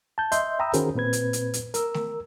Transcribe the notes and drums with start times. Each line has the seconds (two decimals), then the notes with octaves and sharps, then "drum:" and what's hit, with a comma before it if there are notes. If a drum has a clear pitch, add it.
0.18 A5 G6
0.32 D#5 E5 C6 G6, drum: hi-hat
0.59 E5 G5 A#5 B5 D#6 E6
0.73 D#3 C#4 F#4 G#4 A#4 C5, drum: hi-hat
0.95 A#2 C4 B4 G#6
1.13 drum: hi-hat
1.33 drum: hi-hat
1.54 drum: hi-hat
1.74 A#4 E6, drum: hi-hat
1.94 drum: snare A3